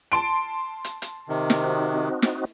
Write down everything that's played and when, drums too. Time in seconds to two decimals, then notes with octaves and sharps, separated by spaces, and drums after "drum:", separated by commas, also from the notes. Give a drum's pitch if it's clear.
0.12 A5 C6 D7
0.84 drum: hi-hat
1.02 drum: hi-hat
1.29 C3 D#3
1.50 drum: snare
1.64 C4 D#4 F#4
2.22 drum: snare